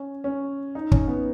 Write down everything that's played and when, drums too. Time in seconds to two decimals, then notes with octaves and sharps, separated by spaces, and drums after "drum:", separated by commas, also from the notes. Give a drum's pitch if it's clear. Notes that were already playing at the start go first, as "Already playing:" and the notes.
Already playing: C#4
0.24 C#4
0.75 D#4
0.92 C#4, drum: kick
1.08 B3